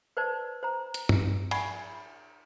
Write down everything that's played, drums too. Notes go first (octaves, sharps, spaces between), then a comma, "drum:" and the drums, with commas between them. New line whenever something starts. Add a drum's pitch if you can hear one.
B4 C5 D5 A5
C5 A#5
drum: hi-hat
drum: tom G2
D5 F#5 G#5 B5 C#6, drum: cymbal